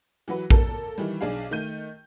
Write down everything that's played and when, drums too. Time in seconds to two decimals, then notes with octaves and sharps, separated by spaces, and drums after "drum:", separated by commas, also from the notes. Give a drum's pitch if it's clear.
0.28 E3 F#3 F#4 B4
0.50 A#3 A4 A#4, drum: kick A#1
0.98 D#3 E3 G3
1.21 B1 D4 G#4 F5
1.51 D#3 A3 G6 D#7